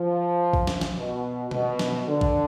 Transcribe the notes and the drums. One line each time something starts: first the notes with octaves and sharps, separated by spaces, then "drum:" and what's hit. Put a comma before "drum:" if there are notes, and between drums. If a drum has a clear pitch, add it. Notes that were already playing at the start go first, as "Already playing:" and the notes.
Already playing: F3
drum: kick A#1
drum: snare
drum: snare
B2
B2, drum: tom B2
drum: snare
D3
drum: kick A#1